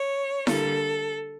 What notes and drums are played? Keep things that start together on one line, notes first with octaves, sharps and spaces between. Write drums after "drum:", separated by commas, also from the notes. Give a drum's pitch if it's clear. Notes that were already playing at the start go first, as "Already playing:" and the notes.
Already playing: C#5
D3 G3 A#3 A4, drum: snare E4